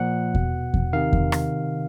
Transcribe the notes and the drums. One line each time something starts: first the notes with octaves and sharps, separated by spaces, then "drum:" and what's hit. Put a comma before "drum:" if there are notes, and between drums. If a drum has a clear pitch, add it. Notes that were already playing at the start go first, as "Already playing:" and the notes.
Already playing: A#2 F3 F#5
B2, drum: kick E2
drum: kick E2
C3 D#3 F5
drum: kick E2
drum: rim click